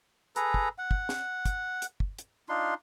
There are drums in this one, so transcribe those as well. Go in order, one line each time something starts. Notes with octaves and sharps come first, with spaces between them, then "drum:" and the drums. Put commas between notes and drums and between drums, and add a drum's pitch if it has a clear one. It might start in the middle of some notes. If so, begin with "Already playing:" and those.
G#4 A4 B4 A#5, drum: hi-hat
drum: kick
F#5
drum: kick
drum: snare
drum: kick, hi-hat
drum: hi-hat
drum: kick
drum: hi-hat
D4 D#4 F4 C6